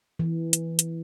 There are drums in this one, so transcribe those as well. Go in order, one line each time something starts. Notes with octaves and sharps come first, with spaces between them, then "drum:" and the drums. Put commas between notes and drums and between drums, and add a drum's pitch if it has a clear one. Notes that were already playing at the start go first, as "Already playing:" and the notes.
E3
drum: hi-hat
drum: hi-hat